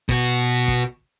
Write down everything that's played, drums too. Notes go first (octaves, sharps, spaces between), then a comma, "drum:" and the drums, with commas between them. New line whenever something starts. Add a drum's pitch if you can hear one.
B2 F#4, drum: kick
drum: kick